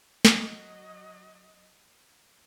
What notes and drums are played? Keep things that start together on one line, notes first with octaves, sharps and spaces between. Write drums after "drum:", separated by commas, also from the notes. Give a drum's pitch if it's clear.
F#3 D#5, drum: snare